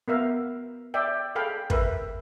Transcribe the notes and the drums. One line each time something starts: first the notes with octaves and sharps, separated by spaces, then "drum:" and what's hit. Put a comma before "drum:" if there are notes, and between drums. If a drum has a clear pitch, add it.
B3 A#4 E5 F5
D5 E5 G5
G#4 A4 F5 G5 B5
A#4 B4 E5, drum: kick